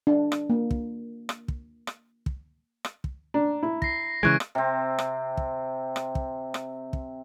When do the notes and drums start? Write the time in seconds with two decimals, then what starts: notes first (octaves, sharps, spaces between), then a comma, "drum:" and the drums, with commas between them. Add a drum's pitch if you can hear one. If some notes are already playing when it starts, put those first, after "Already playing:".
0.07 D4
0.32 drum: rim click
0.50 A#3
0.71 drum: kick
1.29 drum: rim click
1.48 drum: kick
1.87 drum: rim click
2.26 drum: kick
2.85 drum: rim click
3.04 drum: kick
3.34 D4 A#5
3.63 E4
3.82 A#6 C7, drum: kick
4.23 C#3 E3 G#3 C#6 F#6 G#6 A#6 D7
4.40 drum: rim click
4.55 C3 C4
4.99 drum: rim click
5.37 drum: kick
5.96 drum: rim click
6.15 drum: kick
6.54 drum: rim click
6.93 drum: kick